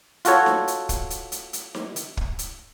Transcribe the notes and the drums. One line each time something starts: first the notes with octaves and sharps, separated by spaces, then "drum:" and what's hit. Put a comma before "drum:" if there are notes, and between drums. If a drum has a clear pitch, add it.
F4 F#4 A4 C#5, drum: hi-hat
drum: snare D#4
drum: hi-hat
drum: kick, hi-hat
drum: hi-hat
drum: hi-hat
drum: hi-hat
drum: snare D#4
drum: hi-hat
drum: kick
drum: hi-hat